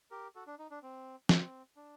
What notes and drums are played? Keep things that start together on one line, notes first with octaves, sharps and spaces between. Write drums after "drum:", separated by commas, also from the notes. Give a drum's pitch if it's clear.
G4 A#4
F#4 A4
D4
D#4
D4
C4
C4, drum: snare
D4